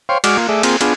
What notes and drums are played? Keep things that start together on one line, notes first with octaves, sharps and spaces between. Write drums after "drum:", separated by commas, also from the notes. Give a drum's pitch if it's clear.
C5 C#5 F5 G5 C6
G#3 F#4 D5 D6 F6, drum: cymbal
A#3 F4
A3 G#4 D5 E5
A#3 C4 F4 G#4, drum: cymbal
B3 D4 F4 G#4, drum: cymbal